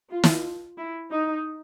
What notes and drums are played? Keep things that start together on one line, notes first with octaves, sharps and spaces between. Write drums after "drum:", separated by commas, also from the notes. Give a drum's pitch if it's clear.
F4
drum: snare
E4
D#4